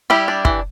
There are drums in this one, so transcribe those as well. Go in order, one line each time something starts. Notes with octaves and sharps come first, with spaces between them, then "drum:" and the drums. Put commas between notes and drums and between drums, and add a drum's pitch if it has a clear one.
G3 E4 G4
D4
E3, drum: kick